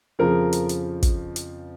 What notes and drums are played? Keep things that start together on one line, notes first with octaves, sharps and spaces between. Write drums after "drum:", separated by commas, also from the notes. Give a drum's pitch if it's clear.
F2 C#3 F3 A#4
drum: hi-hat
drum: hi-hat
drum: kick, hi-hat
drum: hi-hat